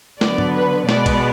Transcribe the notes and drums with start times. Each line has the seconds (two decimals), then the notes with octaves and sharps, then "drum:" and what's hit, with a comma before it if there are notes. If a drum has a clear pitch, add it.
0.21 D3 F#3 B3 D5, drum: snare
0.38 drum: tom
0.55 B4
0.89 B2 G#3 B3 D5, drum: snare
1.06 drum: kick A#1, cymbal